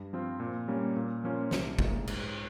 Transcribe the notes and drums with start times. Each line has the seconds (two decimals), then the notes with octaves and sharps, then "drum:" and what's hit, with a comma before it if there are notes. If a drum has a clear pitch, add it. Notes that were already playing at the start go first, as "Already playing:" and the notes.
Already playing: G2
0.13 F3 C4 F4
0.40 A#2
0.68 G3 A#3 C#4
0.96 A#2
1.24 F3 A#3 C#4 F4
1.51 C2, drum: snare
1.79 A#2 G#3 D#4, drum: kick F#1
2.08 G#2, drum: cymbal